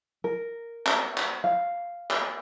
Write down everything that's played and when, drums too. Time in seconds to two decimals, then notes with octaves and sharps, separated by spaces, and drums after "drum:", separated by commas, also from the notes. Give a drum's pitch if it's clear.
0.24 A#4
0.86 drum: clap
1.17 drum: clap
1.44 F5
2.10 drum: clap